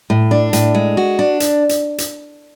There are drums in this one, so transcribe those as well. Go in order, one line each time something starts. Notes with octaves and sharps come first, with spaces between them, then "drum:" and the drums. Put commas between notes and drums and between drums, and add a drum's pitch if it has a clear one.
A2
D4
A2, drum: hi-hat
G#3
F#4
D4
drum: hi-hat
drum: hi-hat
drum: hi-hat